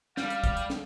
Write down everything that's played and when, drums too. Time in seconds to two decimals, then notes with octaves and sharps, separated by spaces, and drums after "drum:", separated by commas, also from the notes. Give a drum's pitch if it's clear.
0.17 G3 F5, drum: snare
0.30 drum: hi-hat
0.44 drum: kick, hi-hat
0.57 drum: hi-hat
0.70 drum: snare